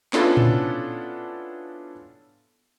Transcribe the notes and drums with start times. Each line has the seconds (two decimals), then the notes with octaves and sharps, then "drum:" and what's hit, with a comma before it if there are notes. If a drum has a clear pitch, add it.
0.13 B3 C#4 D4 E4 F4 A4, drum: clap
0.37 drum: tom A2